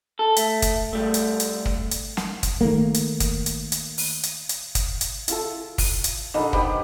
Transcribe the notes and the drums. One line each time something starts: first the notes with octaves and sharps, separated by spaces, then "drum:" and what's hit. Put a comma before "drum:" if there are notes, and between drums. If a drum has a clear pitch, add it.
A4
A3, drum: hi-hat
drum: kick, hi-hat
C2 G3 A3
drum: hi-hat
drum: hi-hat
drum: kick
drum: hi-hat
drum: snare
drum: kick, hi-hat
D#3 A3 A#3
drum: hi-hat
drum: kick, hi-hat
drum: hi-hat
drum: hi-hat
drum: open hi-hat
drum: hi-hat
drum: hi-hat
drum: kick, hi-hat
drum: hi-hat
E4 F4 A4, drum: hi-hat
drum: kick, open hi-hat
drum: hi-hat
A#1 D4 D#4 A4 F#5 B5
B3 G4 C5 B5, drum: kick